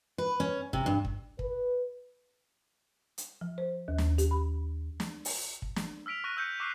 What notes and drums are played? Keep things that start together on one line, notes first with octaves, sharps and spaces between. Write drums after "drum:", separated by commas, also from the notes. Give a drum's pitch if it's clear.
B4
C#4
C3, drum: kick
G2
drum: kick
B4, drum: kick
drum: hi-hat
F3
C5
D#2
drum: snare
G4, drum: hi-hat
B5
drum: snare
drum: open hi-hat
drum: kick
drum: snare
E6 F6 B6 D7 F7
C#6 F#6 A#6 D#7
E6 G6 C#7
C#6 D6 E6 F#6 B6 C7